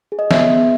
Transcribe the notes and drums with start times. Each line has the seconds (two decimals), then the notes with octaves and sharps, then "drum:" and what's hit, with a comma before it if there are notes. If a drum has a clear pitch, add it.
0.12 G#4
0.19 D#5
0.31 B3 E5, drum: snare
0.50 B3